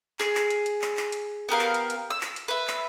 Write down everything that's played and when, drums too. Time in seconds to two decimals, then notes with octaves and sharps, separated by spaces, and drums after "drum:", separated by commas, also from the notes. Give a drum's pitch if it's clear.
0.19 G#4, drum: clap
0.35 drum: clap
0.50 drum: hi-hat
0.66 drum: hi-hat
0.81 drum: clap
0.97 drum: clap
1.12 drum: hi-hat
1.49 B3 G4 A#4 F5
1.59 drum: clap
1.74 drum: hi-hat
1.90 drum: hi-hat
2.10 E6
2.21 drum: clap
2.36 drum: hi-hat
2.48 B4 E5
2.67 drum: clap